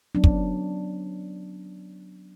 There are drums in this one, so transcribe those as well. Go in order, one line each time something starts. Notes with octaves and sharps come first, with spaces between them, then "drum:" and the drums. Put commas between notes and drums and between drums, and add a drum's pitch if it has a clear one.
F#3 B3 C#4 D4
drum: kick